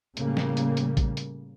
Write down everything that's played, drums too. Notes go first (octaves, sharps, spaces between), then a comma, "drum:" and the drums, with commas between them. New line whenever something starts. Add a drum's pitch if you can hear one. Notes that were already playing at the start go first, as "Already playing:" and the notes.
A2 C#3 G3 A#3, drum: hi-hat
drum: snare
drum: hi-hat
drum: hi-hat
drum: kick A1, hi-hat
drum: hi-hat